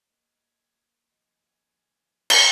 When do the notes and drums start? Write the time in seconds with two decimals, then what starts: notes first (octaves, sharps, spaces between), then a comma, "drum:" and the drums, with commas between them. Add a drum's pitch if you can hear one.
0.10 A#3 D#5 G#6
1.12 D#2 F3 D#5 G#5
2.30 drum: cymbal